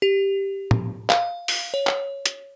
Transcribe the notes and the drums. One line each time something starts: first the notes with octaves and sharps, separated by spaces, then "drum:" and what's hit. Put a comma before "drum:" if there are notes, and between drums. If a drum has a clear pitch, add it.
G4
drum: tom
F5, drum: clap
drum: open hi-hat
C#5
drum: clap
drum: hi-hat